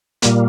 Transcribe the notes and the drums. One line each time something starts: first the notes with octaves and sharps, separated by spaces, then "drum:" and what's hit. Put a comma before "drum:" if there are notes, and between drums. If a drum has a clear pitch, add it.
A#2 G3 A#3, drum: hi-hat